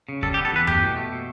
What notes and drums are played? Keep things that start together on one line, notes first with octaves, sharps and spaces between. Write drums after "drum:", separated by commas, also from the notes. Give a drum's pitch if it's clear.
C#3
G3 A4, drum: kick
G4
B3
A4
E2 B4
A3 G4, drum: tom F#2
B2
A3
B2